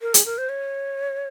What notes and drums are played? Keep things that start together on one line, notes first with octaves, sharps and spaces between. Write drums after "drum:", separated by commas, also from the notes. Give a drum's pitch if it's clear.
A#4
G#4, drum: hi-hat
A#4
C5
C#5